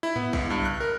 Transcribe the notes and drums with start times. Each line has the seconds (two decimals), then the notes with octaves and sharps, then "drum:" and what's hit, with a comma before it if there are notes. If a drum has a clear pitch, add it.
0.03 E4
0.16 B3, drum: tom G#2
0.33 C#2, drum: kick A#1, open hi-hat
0.50 G2
0.65 F#6
0.80 A#4